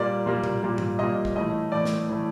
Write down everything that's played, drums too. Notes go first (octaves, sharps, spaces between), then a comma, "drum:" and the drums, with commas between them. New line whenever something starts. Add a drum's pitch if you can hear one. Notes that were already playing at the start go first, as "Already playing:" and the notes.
Already playing: A#2 G3 A#3 D5
A#2 G3 A#3
drum: tom A2
A#2 G3 A#3
drum: tom G#2
A#2 G3 A#3 D#5
drum: kick
A2 E3 A3 D#5
A2 E3 A3 D5
drum: snare
A2 E3 A3